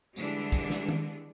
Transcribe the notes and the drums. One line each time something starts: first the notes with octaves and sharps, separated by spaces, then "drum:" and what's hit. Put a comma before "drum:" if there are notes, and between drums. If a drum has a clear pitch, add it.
D3 E3 G3 G#3 D4, drum: tambourine
drum: kick, tambourine
drum: snare
drum: tom D#3